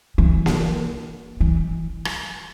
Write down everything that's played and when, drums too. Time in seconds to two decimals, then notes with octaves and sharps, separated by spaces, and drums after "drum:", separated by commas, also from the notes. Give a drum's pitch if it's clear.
0.18 E3
0.46 drum: snare A#3
1.40 E3
2.05 drum: rim click